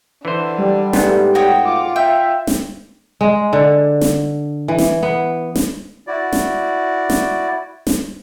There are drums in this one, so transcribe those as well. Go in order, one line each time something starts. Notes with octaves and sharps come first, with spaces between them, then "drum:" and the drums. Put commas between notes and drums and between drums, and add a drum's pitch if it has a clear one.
D3 E3 C5
G3
G#2 A3 B3, drum: snare
F#4 C#5 G5 D#6
F4 D6
E5 G5
drum: snare
G#3
D3
drum: snare
E3
drum: snare
B3
drum: snare
E4 F#4 D5
drum: snare
drum: snare
drum: snare